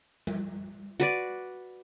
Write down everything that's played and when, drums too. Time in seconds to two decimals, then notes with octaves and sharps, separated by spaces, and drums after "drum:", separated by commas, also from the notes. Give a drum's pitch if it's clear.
0.27 drum: tom G3
1.00 F#4 B4 D5